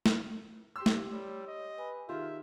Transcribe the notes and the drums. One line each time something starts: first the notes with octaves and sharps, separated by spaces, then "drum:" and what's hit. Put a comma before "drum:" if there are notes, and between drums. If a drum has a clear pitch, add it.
drum: snare
G4 C6 E6
drum: snare
G3 C#5
D#5
B4 G#5
D#3 F4 G4 G#4 E5